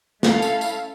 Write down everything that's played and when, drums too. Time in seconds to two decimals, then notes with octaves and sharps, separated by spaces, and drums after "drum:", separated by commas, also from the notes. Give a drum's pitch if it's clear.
0.23 A3 C#4 E4 A4 F5, drum: snare
0.42 drum: tambourine
0.61 drum: tambourine